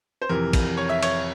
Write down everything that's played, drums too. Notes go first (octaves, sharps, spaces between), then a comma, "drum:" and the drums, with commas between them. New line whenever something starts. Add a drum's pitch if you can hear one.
C5
F2 C3 E3 A#4
drum: kick A#1, cymbal
C#5
E5
C#5, drum: cymbal